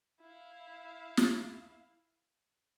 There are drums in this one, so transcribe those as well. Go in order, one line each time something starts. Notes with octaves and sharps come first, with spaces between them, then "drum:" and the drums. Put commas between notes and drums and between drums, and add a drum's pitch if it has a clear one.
E4 F5
drum: snare